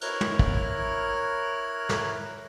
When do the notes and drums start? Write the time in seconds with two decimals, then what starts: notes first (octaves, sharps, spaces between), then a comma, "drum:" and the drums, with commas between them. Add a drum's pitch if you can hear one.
0.01 E4 A#4 C#5 F6 F#6, drum: cymbal
0.21 drum: tom
0.39 drum: kick
1.89 drum: snare